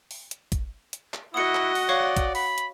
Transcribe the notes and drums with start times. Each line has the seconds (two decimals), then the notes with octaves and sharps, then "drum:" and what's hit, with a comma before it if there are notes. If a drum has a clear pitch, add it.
0.11 drum: open hi-hat
0.31 drum: hi-hat
0.52 drum: kick, hi-hat
0.93 drum: hi-hat
1.14 drum: clap
1.34 E4 F#4 D#5 F#5 D#6 C#7
1.55 drum: clap
1.75 drum: open hi-hat
1.89 C#5 D5 F5 C#6
2.17 drum: kick, hi-hat
2.35 B5, drum: open hi-hat
2.58 drum: hi-hat